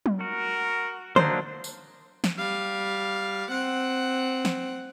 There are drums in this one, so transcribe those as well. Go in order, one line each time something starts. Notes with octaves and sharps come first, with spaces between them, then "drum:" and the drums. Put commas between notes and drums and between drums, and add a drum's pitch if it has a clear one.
drum: tom F#3
F#4 A#4
F#3 A#3 D4 D#4 C5, drum: tom D3
drum: tambourine
drum: snare
G3 F5
C4 F#5
drum: snare